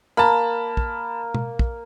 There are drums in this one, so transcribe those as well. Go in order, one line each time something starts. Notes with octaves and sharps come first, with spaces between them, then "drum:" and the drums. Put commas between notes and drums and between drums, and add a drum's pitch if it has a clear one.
A#3 A5 B5
drum: kick
drum: tom
drum: kick